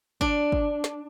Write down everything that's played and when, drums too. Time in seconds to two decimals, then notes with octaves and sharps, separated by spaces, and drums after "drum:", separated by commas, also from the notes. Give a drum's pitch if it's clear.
0.21 D4, drum: kick
0.52 drum: kick
0.84 drum: snare